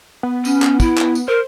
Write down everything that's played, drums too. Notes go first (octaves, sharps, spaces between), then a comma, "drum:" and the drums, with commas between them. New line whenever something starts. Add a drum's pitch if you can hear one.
B3
C#4, drum: tambourine
drum: clap
E4, drum: kick, tambourine
drum: clap
drum: tambourine
A#4 C5